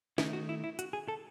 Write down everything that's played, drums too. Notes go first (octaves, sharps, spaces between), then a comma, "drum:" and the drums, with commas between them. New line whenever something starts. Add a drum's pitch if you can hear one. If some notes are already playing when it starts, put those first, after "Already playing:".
D#3 A3 D#4 E4, drum: snare
F#4
E4
E4
F#4, drum: hi-hat
G#4
A4